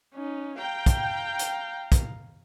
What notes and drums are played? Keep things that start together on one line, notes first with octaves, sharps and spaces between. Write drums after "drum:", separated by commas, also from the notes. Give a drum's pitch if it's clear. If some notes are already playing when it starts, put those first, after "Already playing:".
C#4 D#4
F5 G5 A#5
drum: kick, hi-hat
drum: hi-hat
drum: kick, hi-hat